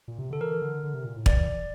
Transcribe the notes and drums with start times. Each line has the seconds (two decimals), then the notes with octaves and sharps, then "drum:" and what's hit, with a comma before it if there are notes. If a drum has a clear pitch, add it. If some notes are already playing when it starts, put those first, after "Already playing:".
0.08 A#2
0.19 C3
0.30 D3 A4
0.41 E3 A#4
0.62 D3
0.84 D3
0.94 C3
1.05 A#2
1.16 A2
1.26 E3 D5, drum: kick